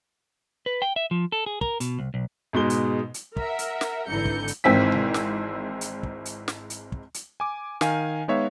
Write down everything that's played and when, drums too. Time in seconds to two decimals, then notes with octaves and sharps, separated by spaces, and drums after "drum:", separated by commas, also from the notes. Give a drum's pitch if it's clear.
0.66 B4
0.82 G5
0.96 E5
1.11 F3
1.32 A4
1.46 G#4
1.61 A#4, drum: kick
1.80 B2, drum: hi-hat
1.99 C2
2.14 B1
2.53 G#2 B2 G#3 G7
2.70 drum: hi-hat
3.14 drum: hi-hat
3.36 A#4 E5 F#5, drum: kick
3.59 drum: hi-hat
3.81 drum: snare
4.08 G#1 D3 E3 A#5 G6 C#7
4.25 drum: kick
4.48 drum: hi-hat
4.64 G#1 G#2 E3 C4 E4 B6
4.92 drum: tom B2
5.14 drum: snare
5.81 drum: hi-hat
6.03 drum: kick
6.25 drum: hi-hat
6.48 drum: snare
6.70 drum: hi-hat
6.92 drum: kick
7.14 drum: hi-hat
7.40 G#5 D6
7.81 D#3 F5 G#5, drum: snare
8.28 G#3 B3 D#4 C#5 E5 F5